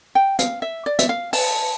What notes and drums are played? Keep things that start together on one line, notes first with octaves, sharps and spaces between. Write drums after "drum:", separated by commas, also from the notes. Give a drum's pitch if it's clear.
G5
F5, drum: hi-hat
E5
D5
E5, drum: hi-hat
F5
A5, drum: open hi-hat